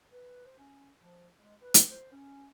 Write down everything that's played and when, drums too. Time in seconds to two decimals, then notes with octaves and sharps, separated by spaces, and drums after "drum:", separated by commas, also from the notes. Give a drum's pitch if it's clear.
0.12 B4
0.46 C5
0.59 C#4
1.02 F3
1.39 G#3
1.60 B4
1.74 drum: hi-hat
1.89 C5
2.12 C#4